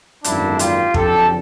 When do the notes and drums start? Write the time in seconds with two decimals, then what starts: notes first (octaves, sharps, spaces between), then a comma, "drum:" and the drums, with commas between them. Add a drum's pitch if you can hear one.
0.24 G#1 F#2 D3 G3 A#3 D4 E4, drum: hi-hat
0.59 F4 G4, drum: hi-hat
0.94 F#1 F2 D3 G4 A4, drum: kick